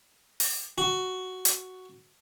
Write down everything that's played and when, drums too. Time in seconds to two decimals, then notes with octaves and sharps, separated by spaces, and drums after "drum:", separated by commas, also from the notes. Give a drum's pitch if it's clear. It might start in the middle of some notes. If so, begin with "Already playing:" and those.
0.40 drum: open hi-hat
0.78 F#4
1.45 drum: hi-hat